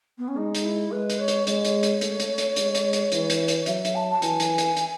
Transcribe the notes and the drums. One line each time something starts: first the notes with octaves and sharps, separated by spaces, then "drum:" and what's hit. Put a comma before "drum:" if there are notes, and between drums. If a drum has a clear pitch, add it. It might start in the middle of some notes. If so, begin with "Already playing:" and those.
B3
C#4
G#3 D#4
drum: hi-hat
E4
G#3 B4
drum: hi-hat
C#5
drum: hi-hat
G#3 C#5, drum: hi-hat
drum: hi-hat
drum: hi-hat
A3, drum: hi-hat
drum: hi-hat
drum: hi-hat
G#3, drum: hi-hat
drum: hi-hat
drum: hi-hat
E3, drum: hi-hat
drum: hi-hat
drum: hi-hat
F#3 E5, drum: hi-hat
drum: hi-hat
A5
A5
E3 G#5, drum: hi-hat
drum: hi-hat
drum: hi-hat
drum: hi-hat